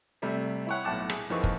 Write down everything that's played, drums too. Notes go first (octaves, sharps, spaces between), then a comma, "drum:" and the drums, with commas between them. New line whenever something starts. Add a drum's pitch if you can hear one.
C3 G3 A3
E4 C#5 F#5
B1 A2 F#5 A5 D6
G#4, drum: rim click
F2 E3 A#3 C4 D#4 C#6
drum: kick